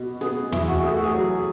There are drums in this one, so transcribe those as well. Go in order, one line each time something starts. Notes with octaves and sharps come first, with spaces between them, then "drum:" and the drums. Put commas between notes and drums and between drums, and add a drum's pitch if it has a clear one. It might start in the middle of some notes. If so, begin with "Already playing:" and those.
Already playing: B2
B3 G#4, drum: snare
E3 E4, drum: tom
F#4
A3 G#4
F#4
G#4
F#3